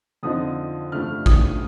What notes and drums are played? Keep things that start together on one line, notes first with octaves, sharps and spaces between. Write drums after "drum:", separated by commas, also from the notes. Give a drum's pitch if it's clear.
F2 D3 F3 C4 D#4 D#6
G2 F3 A3 D4 F6
D#6, drum: kick A1